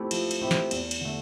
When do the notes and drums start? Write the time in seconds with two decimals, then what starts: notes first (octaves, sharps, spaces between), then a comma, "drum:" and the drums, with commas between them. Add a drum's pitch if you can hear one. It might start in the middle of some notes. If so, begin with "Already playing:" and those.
Already playing: F3 A3 C4 E4 G4
0.11 F3, drum: cymbal
0.31 drum: cymbal
0.41 A3 C4 E4 G4
0.51 drum: snare
0.71 E2, drum: cymbal
0.91 drum: cymbal
1.01 D3 A3